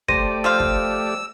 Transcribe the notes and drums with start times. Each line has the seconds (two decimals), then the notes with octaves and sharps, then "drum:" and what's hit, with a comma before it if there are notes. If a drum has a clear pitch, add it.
0.08 A3 G4 C5 D5 A#6 D#7, drum: kick
0.44 F3 C5 F5 E6
0.60 drum: kick